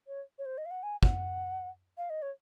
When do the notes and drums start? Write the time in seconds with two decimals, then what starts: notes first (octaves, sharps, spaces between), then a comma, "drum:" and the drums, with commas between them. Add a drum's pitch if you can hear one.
0.07 C#5
0.39 C#5
0.46 C5
0.58 D#5
0.65 F5
0.71 F#5
0.83 G#5
1.03 F#5, drum: kick
1.98 F5
2.10 D#5
2.22 C#5